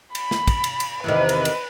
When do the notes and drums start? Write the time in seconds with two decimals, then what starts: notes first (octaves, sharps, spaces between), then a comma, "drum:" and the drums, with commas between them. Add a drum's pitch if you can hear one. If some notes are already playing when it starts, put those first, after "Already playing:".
0.15 B5, drum: cymbal
0.31 drum: snare
0.48 drum: kick, cymbal
0.64 drum: cymbal
0.80 drum: cymbal
1.04 E2 C3 D#3 B4
1.29 drum: cymbal
1.45 drum: cymbal